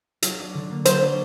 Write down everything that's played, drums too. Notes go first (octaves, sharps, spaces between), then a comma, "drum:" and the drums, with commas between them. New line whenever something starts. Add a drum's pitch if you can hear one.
F#3, drum: hi-hat
D4
D3
A#3
F#3 C5, drum: hi-hat
D4